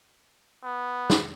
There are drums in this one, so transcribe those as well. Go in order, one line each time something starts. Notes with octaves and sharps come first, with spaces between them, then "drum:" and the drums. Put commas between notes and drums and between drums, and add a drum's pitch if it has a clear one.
B3
drum: snare